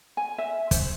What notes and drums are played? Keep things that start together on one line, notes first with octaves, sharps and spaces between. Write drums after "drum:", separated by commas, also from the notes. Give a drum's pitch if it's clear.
G#5
E5
C5, drum: kick, hi-hat